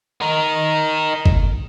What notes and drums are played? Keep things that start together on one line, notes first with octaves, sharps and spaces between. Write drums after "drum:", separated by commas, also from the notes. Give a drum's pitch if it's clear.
D#4 A#4
drum: kick G1